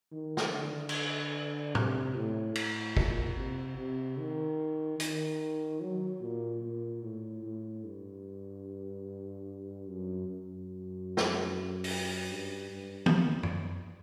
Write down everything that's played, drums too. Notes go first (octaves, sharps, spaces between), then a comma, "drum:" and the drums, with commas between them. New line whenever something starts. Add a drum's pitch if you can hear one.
D#3
drum: snare
D3
drum: cymbal
C3, drum: tom
A2
A2, drum: cymbal
A#2, drum: kick
C3
C3
D#3
D#3, drum: hi-hat
F#3
A#2
A#2
A2
A2
G2
F#2
F#2
drum: snare
drum: open hi-hat
G2
G2
drum: tom
drum: tom